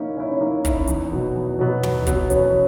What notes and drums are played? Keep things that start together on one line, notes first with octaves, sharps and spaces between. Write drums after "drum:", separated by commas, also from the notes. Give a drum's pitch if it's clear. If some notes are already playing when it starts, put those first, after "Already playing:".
Already playing: A#3 C#4 D#4 E4
C#4 E4
C#4
A#3 D#4
C#4 E4, drum: kick, hi-hat
E2, drum: hi-hat
B2 F#3 B3 F#4
E2
B2 F#3 B3 F#4
E2, drum: tom
B2 F#3 B3 F#4, drum: kick, hi-hat
E2 C#4, drum: hi-hat